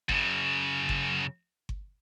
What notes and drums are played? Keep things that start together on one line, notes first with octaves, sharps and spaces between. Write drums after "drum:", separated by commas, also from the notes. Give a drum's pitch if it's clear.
F#2 C#3, drum: kick G1
drum: kick G1
drum: kick G1